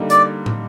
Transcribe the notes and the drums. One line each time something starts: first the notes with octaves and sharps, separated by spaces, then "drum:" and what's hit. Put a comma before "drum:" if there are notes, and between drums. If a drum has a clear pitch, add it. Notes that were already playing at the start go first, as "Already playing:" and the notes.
Already playing: D3 G3 A#3 D#4
D5, drum: hi-hat
drum: tom